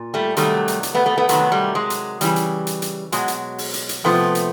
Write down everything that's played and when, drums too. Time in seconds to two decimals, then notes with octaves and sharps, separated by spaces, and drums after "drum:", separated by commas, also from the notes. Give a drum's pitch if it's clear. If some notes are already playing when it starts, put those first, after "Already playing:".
Already playing: A#2
0.14 G3 A3
0.37 C3 D#3 F#3 G3 A3, drum: hi-hat
0.68 drum: hi-hat
0.83 drum: hi-hat
0.95 A3 B3
1.06 A3 B3
1.17 A3 B3
1.29 C3 D#3 F#3 A3 B3, drum: hi-hat
1.52 G3 A3
1.75 G#3
1.90 drum: hi-hat
2.21 C#3 E3 G3, drum: hi-hat
2.36 drum: hi-hat
2.67 drum: hi-hat
2.82 drum: hi-hat
3.12 B2 F#3 G#3, drum: hi-hat
3.28 drum: hi-hat
3.58 drum: open hi-hat
3.74 drum: hi-hat
3.89 drum: hi-hat
4.04 C3 F3 A3 B3
4.35 drum: hi-hat